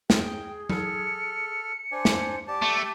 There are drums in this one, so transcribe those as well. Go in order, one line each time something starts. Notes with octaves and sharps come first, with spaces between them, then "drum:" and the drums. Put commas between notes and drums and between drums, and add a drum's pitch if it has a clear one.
G#4 G5, drum: snare
A4 F6 C#7, drum: tom F#3
D4 C5 D5 G#5
drum: snare
G4 D5 A5 D6
A3